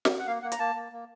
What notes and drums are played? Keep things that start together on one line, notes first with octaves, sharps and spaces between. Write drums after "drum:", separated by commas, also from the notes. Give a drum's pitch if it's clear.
drum: snare
F#5
A#3 F5
A#3 F#5
A#5, drum: hi-hat
A#3 A5
A#3
A#3